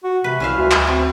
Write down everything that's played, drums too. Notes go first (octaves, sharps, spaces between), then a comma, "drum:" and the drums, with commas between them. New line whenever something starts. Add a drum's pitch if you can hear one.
F#4
C3 B4
C2 C#4 E5 F5
D2 F#4
drum: clap
C4